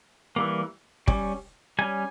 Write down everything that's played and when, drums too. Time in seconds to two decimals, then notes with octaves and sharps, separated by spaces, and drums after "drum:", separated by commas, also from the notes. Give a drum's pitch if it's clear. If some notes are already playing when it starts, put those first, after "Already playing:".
0.36 E3 G3 A#3
1.08 G3 C#4, drum: kick
1.79 G3 C#4 G#5